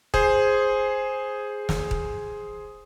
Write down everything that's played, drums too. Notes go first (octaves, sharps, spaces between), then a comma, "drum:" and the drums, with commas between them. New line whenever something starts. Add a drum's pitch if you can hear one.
G#4 C5, drum: kick D#1
drum: snare
drum: kick D#1